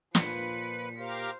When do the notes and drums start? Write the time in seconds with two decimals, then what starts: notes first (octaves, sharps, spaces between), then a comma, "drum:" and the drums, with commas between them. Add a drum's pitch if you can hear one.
0.15 A#2 F3 B4 B6 C#7, drum: snare
0.98 G4 A#4 C5 F5